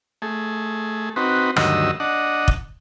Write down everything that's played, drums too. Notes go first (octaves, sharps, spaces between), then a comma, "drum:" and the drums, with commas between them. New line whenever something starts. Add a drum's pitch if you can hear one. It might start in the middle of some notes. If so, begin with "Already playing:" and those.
A3 G#4
C4 D#4 F#4 B4
D2 G2 D#3 F#3 D#5 E6, drum: rim click
D4 D#5 F#5
drum: kick F1